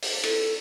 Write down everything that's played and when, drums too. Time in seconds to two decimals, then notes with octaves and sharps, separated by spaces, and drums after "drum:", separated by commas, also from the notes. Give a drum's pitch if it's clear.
0.02 drum: open hi-hat
0.23 A4, drum: cymbal